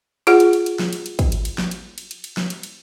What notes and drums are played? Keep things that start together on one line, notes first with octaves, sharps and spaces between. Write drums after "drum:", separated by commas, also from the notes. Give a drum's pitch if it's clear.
F4 G#4 F#5, drum: cymbal
drum: cymbal
drum: cymbal
drum: cymbal
drum: snare
drum: cymbal
drum: cymbal
drum: kick, cymbal
drum: cymbal
drum: cymbal
drum: snare
drum: cymbal
drum: cymbal
drum: cymbal
drum: cymbal
drum: snare
drum: cymbal
drum: cymbal